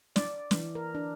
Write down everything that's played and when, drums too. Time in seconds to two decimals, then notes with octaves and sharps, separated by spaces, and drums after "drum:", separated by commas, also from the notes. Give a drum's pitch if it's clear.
0.16 D5, drum: snare
0.51 E3, drum: snare
0.75 A#4
0.95 D4